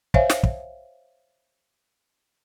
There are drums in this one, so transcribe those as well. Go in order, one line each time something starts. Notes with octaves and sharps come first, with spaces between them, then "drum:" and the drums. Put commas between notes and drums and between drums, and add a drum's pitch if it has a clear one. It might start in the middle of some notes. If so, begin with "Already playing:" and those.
C5 C#5 E5 F5 G#5, drum: kick
drum: snare
drum: kick